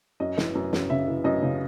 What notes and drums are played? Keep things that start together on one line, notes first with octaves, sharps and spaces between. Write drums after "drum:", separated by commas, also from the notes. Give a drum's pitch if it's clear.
F#2 D#5
E3, drum: snare
F#2
F#2, drum: snare
C#3 E5
E3
F#2 D#5
C#3